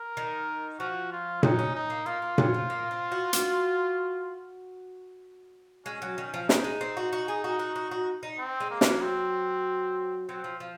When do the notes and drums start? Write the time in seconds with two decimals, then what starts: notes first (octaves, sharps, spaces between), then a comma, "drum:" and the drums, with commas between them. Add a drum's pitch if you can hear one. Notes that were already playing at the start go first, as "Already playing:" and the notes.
Already playing: A#4
0.17 D#3
0.80 F3 F#4
1.12 F4
1.43 F#3 D#4, drum: tom A#2
1.59 C#4
1.75 D#4
1.90 A#3
2.06 A#3 F4
2.22 A#3
2.38 F#3, drum: tom A#2
2.54 F3
2.70 A#3
2.91 C4
3.12 F#4
3.33 F#4, drum: hi-hat
5.86 G#3 C#4
6.02 F#3
6.18 D#3
6.34 F3
6.49 G#3 D#4, drum: snare
6.64 G#3
6.81 C4
6.97 F#4
7.13 F#4
7.28 G#4
7.44 F#4
7.59 F#4
7.76 F#4
7.91 F#4
8.23 D#4
8.38 C4
8.60 G#3
8.70 A#3
8.81 F#3, drum: snare
9.02 C4
10.28 F#3 C4
10.44 F3
10.60 F3